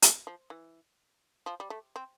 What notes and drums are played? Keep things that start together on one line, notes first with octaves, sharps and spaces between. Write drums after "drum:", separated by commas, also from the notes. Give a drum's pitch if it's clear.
A3, drum: hi-hat
F3
E3
F3
G3
A3
C4